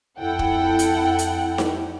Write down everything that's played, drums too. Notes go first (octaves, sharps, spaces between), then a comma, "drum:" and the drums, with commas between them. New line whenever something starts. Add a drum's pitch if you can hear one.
F2 E4 A4 F#5 G5
drum: kick
drum: hi-hat
drum: hi-hat
drum: snare D#4